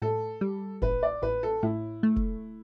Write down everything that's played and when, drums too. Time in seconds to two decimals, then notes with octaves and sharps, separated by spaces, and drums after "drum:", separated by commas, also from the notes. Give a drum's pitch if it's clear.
0.02 A2 A4
0.41 G3
0.82 A1 B4, drum: kick
1.03 D5
1.22 A1 B4
1.43 A4
1.63 A2 E4
2.03 A3
2.16 drum: kick